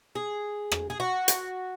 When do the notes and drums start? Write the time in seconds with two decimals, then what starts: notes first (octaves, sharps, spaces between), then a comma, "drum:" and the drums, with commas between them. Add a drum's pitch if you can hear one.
0.15 G#4
0.72 drum: rim click
0.90 G#4
1.00 F#4
1.28 drum: hi-hat